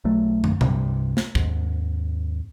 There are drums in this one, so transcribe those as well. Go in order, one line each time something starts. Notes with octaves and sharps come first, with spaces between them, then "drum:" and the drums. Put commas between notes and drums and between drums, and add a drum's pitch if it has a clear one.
B1 F#3 A3
drum: tom
C2 G2 C3 G3, drum: tom A#2
drum: snare
D#2 G#2, drum: kick